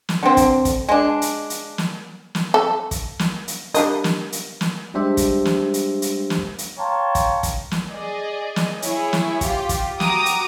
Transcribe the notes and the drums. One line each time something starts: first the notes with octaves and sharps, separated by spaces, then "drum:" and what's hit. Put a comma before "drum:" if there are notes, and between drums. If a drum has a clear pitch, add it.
drum: snare
D3 C4
drum: kick, hi-hat
drum: kick, hi-hat
G#3 D4
drum: hi-hat
drum: hi-hat
drum: snare
drum: snare
A4
drum: kick, hi-hat
drum: snare
drum: hi-hat
G3 D4 A#4 D#5, drum: hi-hat
drum: snare
drum: hi-hat
drum: snare
G3 G#3 D4 G4 C5 E5
drum: kick, hi-hat
drum: snare
drum: hi-hat
drum: hi-hat
drum: snare
drum: hi-hat
C#5 F5 G5 A5 A#5 C6
drum: kick, hi-hat
drum: kick, hi-hat
drum: snare
G#4 D5 D#5
drum: snare
E4 G#4 C#5, drum: hi-hat
drum: snare
F4 G4, drum: kick, hi-hat
drum: kick, hi-hat
F#4 G5 A#5 D6 D#6, drum: snare
drum: hi-hat